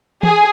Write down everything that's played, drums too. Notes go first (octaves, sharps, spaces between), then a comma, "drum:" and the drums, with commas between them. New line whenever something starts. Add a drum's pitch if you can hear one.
G#4, drum: tom